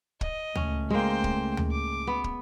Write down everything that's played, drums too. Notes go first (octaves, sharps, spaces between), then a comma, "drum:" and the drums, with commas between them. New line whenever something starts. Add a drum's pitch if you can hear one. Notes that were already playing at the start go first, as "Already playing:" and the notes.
D#5, drum: kick
C#2 A3 C#4, drum: tom D2
G#3 A#3 C5 G5
drum: kick
drum: tom D2
D6
B3
drum: kick